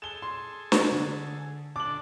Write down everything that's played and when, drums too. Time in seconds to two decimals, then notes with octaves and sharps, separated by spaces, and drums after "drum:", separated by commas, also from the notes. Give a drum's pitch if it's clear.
0.02 G#4 A4 E7 G7
0.22 C6
0.72 drum: snare
0.92 D3
1.76 D3 D4 A4 D6 F#7